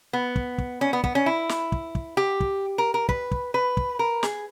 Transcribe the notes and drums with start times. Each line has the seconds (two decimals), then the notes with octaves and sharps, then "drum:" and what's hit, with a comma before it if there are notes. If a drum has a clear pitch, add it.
0.13 B3
0.36 drum: kick
0.58 drum: kick
0.81 C#4
0.93 B3
1.04 B3, drum: kick
1.15 C#4
1.26 E4
1.49 drum: snare
1.72 drum: kick
1.95 drum: kick
2.17 G4
2.40 drum: kick
2.78 A#4
2.94 A#4
3.09 B4, drum: kick
3.31 drum: kick
3.54 B4
3.77 drum: kick
3.99 A#4
4.23 G#4, drum: snare